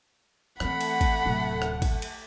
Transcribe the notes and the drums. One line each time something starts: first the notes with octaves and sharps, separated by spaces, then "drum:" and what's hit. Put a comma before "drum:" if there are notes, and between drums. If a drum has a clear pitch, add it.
E3 A3 C4 F#5 B5, drum: rim click
drum: cymbal
drum: kick, cymbal
D1 C3
drum: rim click
drum: kick, cymbal
drum: cymbal